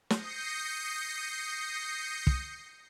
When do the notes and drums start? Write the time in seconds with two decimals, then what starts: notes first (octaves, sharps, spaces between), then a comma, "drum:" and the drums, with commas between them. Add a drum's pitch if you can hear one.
0.10 D#6 G6 A#6 C7 C#7, drum: snare
2.27 drum: kick